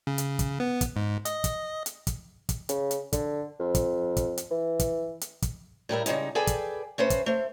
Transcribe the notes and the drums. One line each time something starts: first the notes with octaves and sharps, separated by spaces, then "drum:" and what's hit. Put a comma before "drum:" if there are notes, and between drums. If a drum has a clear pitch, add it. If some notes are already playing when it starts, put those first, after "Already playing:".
C#3
drum: hi-hat
drum: kick, hi-hat
B3
drum: kick, hi-hat
G#2
D#5, drum: hi-hat
drum: kick, hi-hat
drum: hi-hat
drum: kick, hi-hat
drum: kick, hi-hat
C#3, drum: hi-hat
drum: hi-hat
D3, drum: kick, hi-hat
F2
drum: kick, hi-hat
drum: kick, hi-hat
drum: hi-hat
E3
drum: kick, hi-hat
drum: hi-hat
drum: kick, hi-hat
A2 G3 A#4 E5
C#3 F3 G3 G#3 D#4, drum: hi-hat
G#4 A4 B4 D5 G5 G#5
drum: kick, hi-hat
A3 C#4 B4 C5
drum: kick, hi-hat
A3 C5